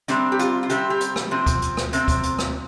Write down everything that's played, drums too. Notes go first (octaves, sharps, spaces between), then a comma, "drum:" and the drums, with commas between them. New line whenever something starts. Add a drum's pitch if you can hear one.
C3 G3 C4 D4, drum: hi-hat
G4
F4, drum: hi-hat
F4
C3 G3 C4 G4, drum: hi-hat
G4
drum: hi-hat
drum: rim click
C3 F3 C4
drum: kick D2, hi-hat
drum: hi-hat
drum: rim click
C3 F3 C4, drum: hi-hat
drum: kick D2, hi-hat
drum: hi-hat
drum: rim click